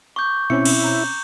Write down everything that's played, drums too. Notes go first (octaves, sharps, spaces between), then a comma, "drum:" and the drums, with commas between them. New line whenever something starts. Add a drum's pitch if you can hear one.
C#6 D6 G6
B2 C4 C#4 E4 C#7
drum: cymbal
A#5 G6 C#7